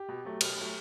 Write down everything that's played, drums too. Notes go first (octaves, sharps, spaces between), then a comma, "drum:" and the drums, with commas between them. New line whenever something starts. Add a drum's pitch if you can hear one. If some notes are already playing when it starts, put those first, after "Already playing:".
Already playing: G4
B2
F#3 A3
B2, drum: cymbal
F#3 A3